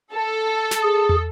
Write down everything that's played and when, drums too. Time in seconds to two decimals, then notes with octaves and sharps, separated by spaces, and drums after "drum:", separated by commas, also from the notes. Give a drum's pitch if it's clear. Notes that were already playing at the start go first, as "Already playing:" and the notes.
0.14 A4
0.71 drum: snare
0.83 G#4
1.09 drum: tom